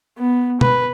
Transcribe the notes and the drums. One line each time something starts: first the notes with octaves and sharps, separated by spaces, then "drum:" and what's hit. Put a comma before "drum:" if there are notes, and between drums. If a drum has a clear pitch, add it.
B3
B4, drum: tom B2